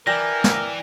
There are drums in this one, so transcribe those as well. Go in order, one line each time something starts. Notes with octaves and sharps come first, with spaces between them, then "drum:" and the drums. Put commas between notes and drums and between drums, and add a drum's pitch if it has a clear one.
E3 A#4 D5 G5 G#5 A#6
drum: snare